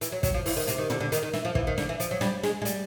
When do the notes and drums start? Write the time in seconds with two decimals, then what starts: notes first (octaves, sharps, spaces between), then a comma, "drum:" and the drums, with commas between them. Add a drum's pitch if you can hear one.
0.01 E3, drum: hi-hat
0.12 F#3
0.23 F#3, drum: kick, hi-hat
0.34 F3
0.46 E3, drum: open hi-hat
0.56 D#3
0.67 C3, drum: hi-hat
0.78 D#3
0.90 D3, drum: tom
1.00 D3
1.12 D#3, drum: hi-hat
1.23 D#3
1.33 E3, drum: snare
1.45 F3
1.55 E3, drum: kick
1.67 D#3
1.78 D3, drum: snare
1.89 E3
2.00 F3, drum: hi-hat
2.11 F#3
2.21 G3, drum: snare
2.43 G#3, drum: snare
2.62 G#3
2.65 G3, drum: hi-hat